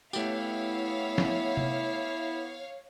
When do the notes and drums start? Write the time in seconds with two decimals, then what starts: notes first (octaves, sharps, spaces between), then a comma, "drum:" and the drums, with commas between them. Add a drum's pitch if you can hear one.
0.13 E3 A3 B3 E4 G4 C#5 F5, drum: tambourine
1.18 drum: snare
1.57 drum: tom C3